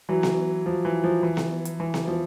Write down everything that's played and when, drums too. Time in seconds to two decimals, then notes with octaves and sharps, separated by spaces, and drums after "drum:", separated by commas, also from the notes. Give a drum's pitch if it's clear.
0.09 E3 F#3
0.23 drum: snare B3
0.66 F3
0.85 E3
1.04 F3
1.23 E3
1.37 drum: snare B3
1.65 drum: hi-hat
1.80 E3
1.94 drum: snare B3
2.08 F3